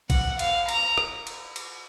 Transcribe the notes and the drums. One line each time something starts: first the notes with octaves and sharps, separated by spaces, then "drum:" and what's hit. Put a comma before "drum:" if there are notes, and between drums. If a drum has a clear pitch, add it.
F#5, drum: kick A#1, cymbal
F5, drum: cymbal
A#5, drum: cymbal
drum: rim click
drum: cymbal
drum: cymbal